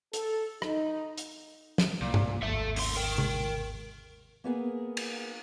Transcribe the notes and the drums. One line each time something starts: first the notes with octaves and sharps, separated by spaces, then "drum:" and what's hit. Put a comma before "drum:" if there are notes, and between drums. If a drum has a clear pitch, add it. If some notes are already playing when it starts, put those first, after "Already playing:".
A4, drum: hi-hat
D#4, drum: rim click
drum: hi-hat
drum: snare
C2 A#2
drum: tom G2
G#1 D#2 A4 E5
C#2 C6, drum: open hi-hat
A#4 G5
drum: tom C3
A#3 B3 G#4 A#4
drum: cymbal